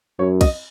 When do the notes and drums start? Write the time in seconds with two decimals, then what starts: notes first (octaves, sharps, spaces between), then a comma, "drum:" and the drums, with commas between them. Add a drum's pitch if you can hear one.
0.19 F#2 C#5
0.41 D#5, drum: kick, cymbal